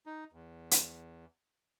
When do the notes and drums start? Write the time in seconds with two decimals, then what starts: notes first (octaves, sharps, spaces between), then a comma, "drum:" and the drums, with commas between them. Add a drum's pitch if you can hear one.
0.06 D#4
0.33 E2
0.71 drum: hi-hat